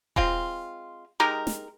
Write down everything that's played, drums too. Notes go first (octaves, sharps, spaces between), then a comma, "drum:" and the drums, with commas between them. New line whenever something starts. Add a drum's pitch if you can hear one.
G#3 C4 F4, drum: kick D#1
G#3 D#4 G4 A#4
drum: snare